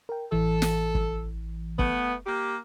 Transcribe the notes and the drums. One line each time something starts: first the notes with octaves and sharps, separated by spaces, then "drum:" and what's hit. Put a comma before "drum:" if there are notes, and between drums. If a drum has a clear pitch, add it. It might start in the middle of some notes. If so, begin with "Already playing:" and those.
A#4 G5
A1 E3 A4
drum: snare
drum: kick
A3 B3, drum: kick
A#3 G4